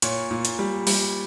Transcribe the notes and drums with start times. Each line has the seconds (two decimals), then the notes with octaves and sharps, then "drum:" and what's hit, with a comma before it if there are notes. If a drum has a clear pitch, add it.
0.02 A#2 C#5, drum: hi-hat
0.31 A#2
0.45 drum: hi-hat
0.59 G3
0.87 G3, drum: open hi-hat